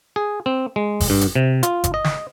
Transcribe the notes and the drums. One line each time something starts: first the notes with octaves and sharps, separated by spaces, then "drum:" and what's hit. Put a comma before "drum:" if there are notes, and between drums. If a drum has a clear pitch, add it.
G#4
C4
G#3
drum: kick G1, open hi-hat
G2
drum: hi-hat
C3
F4, drum: hi-hat
drum: kick G1, hi-hat
D#5
drum: snare